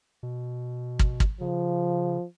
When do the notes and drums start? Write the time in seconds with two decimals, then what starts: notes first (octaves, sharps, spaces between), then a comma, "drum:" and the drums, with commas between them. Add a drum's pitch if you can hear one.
0.23 B2
0.99 drum: kick
1.20 drum: kick
1.41 C#3 F3